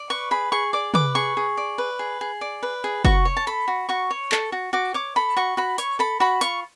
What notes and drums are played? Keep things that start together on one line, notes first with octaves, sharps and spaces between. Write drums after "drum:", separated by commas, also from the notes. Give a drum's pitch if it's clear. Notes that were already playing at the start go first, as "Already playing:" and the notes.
Already playing: D5
B4 C#6
G#4 B5
G#4 C#6
D5 D6
B4 D6, drum: tom
G#4 C#6
G#4
D5
B4
G#4
G#4
D5
B4
G#4
F#4 C#6, drum: kick
C#5
A5
A4 B5
F#4
F#4 C#6
C#5
A4, drum: clap
F#4
F#4 D6
C#5 D6
A4 B5
F#4 C#6
F#4 B5
C#5 C#6, drum: hi-hat
A4 B5
F#4 B5
F4 C#6, drum: hi-hat